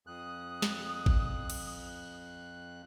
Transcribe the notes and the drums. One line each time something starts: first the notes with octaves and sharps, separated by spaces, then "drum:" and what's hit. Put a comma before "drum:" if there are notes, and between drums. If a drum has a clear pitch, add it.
F2 D#6 F#6
drum: snare
drum: kick
drum: cymbal